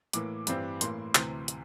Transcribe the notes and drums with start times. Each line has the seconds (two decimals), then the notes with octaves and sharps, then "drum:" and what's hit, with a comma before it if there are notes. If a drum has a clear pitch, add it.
0.13 A2 E3 A#3 D6, drum: hi-hat
0.47 G2 E3 G3 C4, drum: hi-hat
0.81 A2 E3 A#3 C6, drum: hi-hat
1.15 D2 C3 E3 C6, drum: clap
1.48 drum: hi-hat